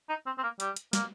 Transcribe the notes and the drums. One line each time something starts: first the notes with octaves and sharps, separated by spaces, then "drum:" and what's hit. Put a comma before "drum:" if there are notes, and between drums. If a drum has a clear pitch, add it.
D#4
C4
C4
A#3
G3, drum: hi-hat
drum: hi-hat
A#3, drum: snare